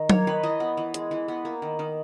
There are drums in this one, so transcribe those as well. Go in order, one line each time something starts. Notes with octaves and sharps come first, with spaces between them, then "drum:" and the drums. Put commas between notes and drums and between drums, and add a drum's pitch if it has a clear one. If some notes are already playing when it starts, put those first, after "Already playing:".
Already playing: D#3
A#3 C#5, drum: tom F#3
D#3 B4
E3 D#5
B3
E3
G#3, drum: hi-hat
E3
B3
A#3
D#3
D#3